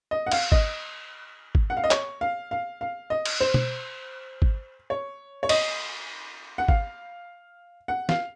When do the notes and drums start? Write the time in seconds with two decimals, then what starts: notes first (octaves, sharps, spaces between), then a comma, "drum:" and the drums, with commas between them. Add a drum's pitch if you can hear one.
0.11 D#5
0.27 F#5
0.31 F5, drum: cymbal
0.52 D#5, drum: kick G#1
1.55 drum: kick G#1
1.70 F#5
1.77 F5
1.84 D#5
1.91 C#5, drum: clap
2.21 F5
2.51 F5
2.81 F5
3.10 D#5
3.25 drum: cymbal
3.40 C5
3.54 drum: tom
4.42 drum: kick G#1
4.90 C#5
5.43 C#5
5.49 D#5, drum: cymbal
6.58 F#5
6.68 F5, drum: kick G#1
7.88 F#5
8.09 F5, drum: snare